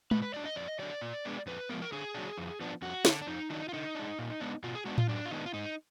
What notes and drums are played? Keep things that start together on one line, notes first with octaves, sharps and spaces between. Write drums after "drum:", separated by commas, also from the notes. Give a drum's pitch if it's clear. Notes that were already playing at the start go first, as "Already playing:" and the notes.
A#2 B4, drum: tom G#3
B4
F#3 D4 D5
D#5
F2 D5
D#5
D3 F#3 D5
A#2
G#3 B3 D4
F2 B4
F3 G#3 B3 A#4
A#4
D3 G#4
F#3 D4
F2
F3 B3 D4
F2 F#4
F3, drum: snare
D3
D4
F2 D#4
D#3 F#3 D4 D#4
F4
D3 D#4
G#3 D4
A#2
G#3 B3 D4
B2 F4
G#4
G#3 B3 D4 F#4
F4, drum: tom A2
F#2 D4
F4
D#3 G#3 B3 D4 D#4
F4
G#2 D#4